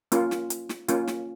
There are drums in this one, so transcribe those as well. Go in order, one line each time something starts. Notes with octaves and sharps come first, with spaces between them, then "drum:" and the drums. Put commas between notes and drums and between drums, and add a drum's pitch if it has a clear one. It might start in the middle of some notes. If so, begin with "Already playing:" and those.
A#3 C#4 F4, drum: hi-hat
drum: snare
drum: hi-hat
drum: snare
A#3 C#4 F4, drum: hi-hat
drum: snare